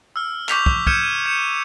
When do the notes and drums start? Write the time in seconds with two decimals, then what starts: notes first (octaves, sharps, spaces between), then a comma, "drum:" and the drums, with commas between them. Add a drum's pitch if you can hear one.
0.16 E6 F6
0.49 C#6 D6 G6 B6 F7, drum: clap
0.66 drum: kick
0.87 F6 G6 G#6 C#7 D#7 E7, drum: kick
1.03 D#7
1.26 G6 C#7 E7